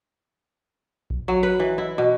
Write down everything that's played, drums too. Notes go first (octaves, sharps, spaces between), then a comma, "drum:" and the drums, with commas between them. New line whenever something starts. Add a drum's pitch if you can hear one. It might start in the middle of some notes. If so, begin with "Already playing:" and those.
drum: kick A#1
F#3
B4
E3
E4
B2